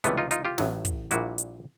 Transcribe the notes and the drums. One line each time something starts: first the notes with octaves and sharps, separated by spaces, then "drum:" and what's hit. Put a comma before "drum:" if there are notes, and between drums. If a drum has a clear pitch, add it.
C#2 C3 E3 G3 A3 B3, drum: hi-hat
D#4 F4
D#4 F4, drum: hi-hat
F4 G4
A1 A2 F#3, drum: snare
drum: kick, hi-hat
A#1 A#2 G3 E4 F#4, drum: hi-hat
drum: hi-hat